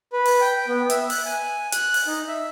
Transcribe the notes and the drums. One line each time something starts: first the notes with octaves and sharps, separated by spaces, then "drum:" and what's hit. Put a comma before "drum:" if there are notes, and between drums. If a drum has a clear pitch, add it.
B4
drum: open hi-hat
G5
B3
E5, drum: hi-hat
F#6, drum: open hi-hat
G#5
F#6, drum: hi-hat
drum: open hi-hat
D#4
E5